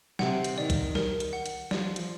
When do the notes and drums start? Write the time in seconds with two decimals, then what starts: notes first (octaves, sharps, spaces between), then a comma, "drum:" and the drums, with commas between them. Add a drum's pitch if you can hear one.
0.19 C3 F#5, drum: snare
0.44 drum: hi-hat
0.57 D#3 D5
0.70 drum: kick B1, hi-hat
0.95 A#4, drum: snare
1.20 drum: hi-hat
1.33 F#5
1.46 drum: hi-hat
1.71 F3 D5, drum: snare
1.96 drum: hi-hat